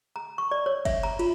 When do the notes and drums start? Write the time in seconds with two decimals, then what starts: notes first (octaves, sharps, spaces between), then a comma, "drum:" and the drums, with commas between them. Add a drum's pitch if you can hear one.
0.16 A#5
0.38 C#6
0.51 D5
0.66 C#5
0.85 E5, drum: kick, cymbal
1.03 A#5
1.19 F4, drum: cymbal